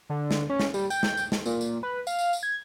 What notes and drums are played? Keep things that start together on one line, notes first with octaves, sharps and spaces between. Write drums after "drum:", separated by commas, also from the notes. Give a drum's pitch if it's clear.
D3
drum: snare
C#4
drum: snare
G3, drum: tambourine
G5, drum: tambourine
drum: snare
drum: tambourine
drum: snare
A#2, drum: tambourine
drum: tambourine
B4
F5, drum: tambourine
drum: tambourine
drum: tambourine
G#6